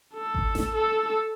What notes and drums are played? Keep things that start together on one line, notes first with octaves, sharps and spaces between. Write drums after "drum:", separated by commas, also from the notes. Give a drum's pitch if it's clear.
A4
drum: kick G#1
drum: snare A1
A4